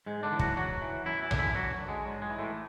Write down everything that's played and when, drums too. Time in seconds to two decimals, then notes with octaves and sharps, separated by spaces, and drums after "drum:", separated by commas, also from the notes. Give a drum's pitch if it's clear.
0.06 G#2 G#3
0.23 D3 D4
0.32 E3
0.39 F#3 F#4, drum: kick
0.57 G#2 F#3 F#4
0.82 E3
1.05 F#2 E3 E4
1.23 E3 E4
1.31 D3, drum: tom A#1
1.39 E3 E4
1.55 F#2 F#3 F#4
1.81 D3
1.88 G#3
2.05 G#2 F#3
2.22 G#3
2.30 E3
2.39 A2 A3